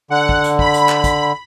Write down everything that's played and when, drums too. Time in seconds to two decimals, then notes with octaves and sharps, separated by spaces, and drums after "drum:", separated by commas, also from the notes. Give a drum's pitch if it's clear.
0.10 D3 F#5
0.29 drum: kick
0.44 drum: hi-hat
0.59 B5, drum: kick
0.74 drum: hi-hat
0.89 drum: clap
1.04 drum: kick, hi-hat